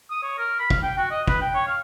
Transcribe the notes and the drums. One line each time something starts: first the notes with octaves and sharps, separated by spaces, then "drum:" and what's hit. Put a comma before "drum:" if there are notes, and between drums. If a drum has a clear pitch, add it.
D#6
C#5
A#4
B5
F5, drum: kick
G5
F#4
D#5
B4, drum: kick
G5
C#5
F5